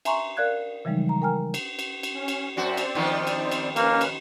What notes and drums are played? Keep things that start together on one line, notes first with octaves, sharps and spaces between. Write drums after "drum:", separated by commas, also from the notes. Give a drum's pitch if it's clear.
E5 G#5 A#5 C6 C#6, drum: cymbal
A#4 D5 F5 F#6 G#6
C#3 E3 F3 G3 G#3 D#4
A#5
A#4 G5 G#5 A#5 F6
drum: cymbal
drum: cymbal
drum: cymbal
C#4
drum: cymbal
F#2 C4 F#4 C5 D5
drum: cymbal
D#3 F3 B3
drum: cymbal
drum: cymbal
A#3 C#4 B4 F6, drum: cymbal
drum: cymbal